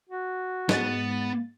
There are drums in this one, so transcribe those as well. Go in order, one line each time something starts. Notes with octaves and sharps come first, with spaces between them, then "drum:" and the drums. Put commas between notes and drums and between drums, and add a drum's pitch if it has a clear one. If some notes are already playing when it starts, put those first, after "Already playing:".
F#4
G#2 G#3 B3 A6, drum: snare